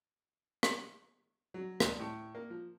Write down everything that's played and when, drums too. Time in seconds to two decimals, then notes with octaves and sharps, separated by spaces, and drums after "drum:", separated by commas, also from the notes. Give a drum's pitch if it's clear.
0.63 drum: rim click
1.54 F#3
1.80 D2, drum: rim click
1.99 A2
2.35 A#3
2.50 F3